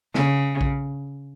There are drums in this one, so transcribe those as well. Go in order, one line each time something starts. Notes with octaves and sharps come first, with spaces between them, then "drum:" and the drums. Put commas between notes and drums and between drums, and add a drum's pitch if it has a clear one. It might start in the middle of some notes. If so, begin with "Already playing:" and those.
C#3, drum: snare
drum: kick A#1